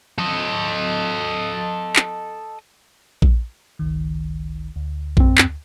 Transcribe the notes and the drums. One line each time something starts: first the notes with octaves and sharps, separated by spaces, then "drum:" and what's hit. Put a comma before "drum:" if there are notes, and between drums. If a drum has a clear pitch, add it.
A4 D#5
drum: clap
drum: kick A#1
G1 C#2 D#3
D2
F#2 C4, drum: kick A#1
drum: clap